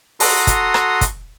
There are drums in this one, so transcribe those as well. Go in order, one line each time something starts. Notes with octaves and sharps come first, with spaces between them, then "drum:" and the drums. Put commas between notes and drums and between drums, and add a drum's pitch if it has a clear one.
F#4 A4 A#5 C6 D#6, drum: open hi-hat
drum: kick, hi-hat
drum: rim click
drum: kick, hi-hat